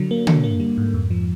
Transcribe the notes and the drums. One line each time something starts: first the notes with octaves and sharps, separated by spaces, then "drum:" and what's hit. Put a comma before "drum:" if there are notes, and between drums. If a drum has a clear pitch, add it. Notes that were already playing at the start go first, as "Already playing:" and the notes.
Already playing: D3 F#3
A#3
D3, drum: tom
A#3
G3
G#2
F2
F3